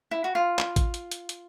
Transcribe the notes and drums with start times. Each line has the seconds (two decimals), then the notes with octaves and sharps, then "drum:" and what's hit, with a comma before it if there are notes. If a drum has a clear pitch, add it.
0.11 E4
0.24 F#4
0.35 F4
0.59 drum: clap
0.76 drum: kick, hi-hat
0.94 drum: hi-hat
1.11 drum: hi-hat
1.29 drum: hi-hat